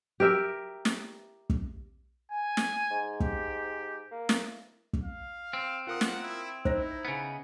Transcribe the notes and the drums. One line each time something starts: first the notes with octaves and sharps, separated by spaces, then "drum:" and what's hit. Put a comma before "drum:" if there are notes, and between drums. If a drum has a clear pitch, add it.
G4 A#4 E5
drum: snare
drum: kick
G#5
drum: snare
G#2
G4, drum: kick
A#3
drum: snare
drum: kick
F5
C4
F4 A#4 F#5 D#6
drum: snare
E4
D#4 E4 C5 A#6, drum: kick
C#3 B3